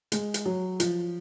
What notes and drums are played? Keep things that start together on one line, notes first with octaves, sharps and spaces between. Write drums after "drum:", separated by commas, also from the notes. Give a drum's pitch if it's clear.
G#3, drum: hi-hat
drum: hi-hat
F#3
F3, drum: hi-hat